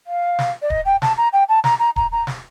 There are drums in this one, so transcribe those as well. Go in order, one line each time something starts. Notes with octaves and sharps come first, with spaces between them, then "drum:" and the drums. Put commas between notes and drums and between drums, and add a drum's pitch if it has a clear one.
F5
drum: snare
D5
D#5, drum: kick D1
G5
A5, drum: snare
A#5
G5
A5
A#5, drum: snare
A#5
A#5, drum: kick D1
A#5
drum: snare